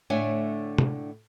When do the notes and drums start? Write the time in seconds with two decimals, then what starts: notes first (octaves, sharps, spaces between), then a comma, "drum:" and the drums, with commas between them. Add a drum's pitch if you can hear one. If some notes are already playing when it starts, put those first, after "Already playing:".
0.10 A2 D3 A3 D4 C#5 G#5
0.78 drum: tom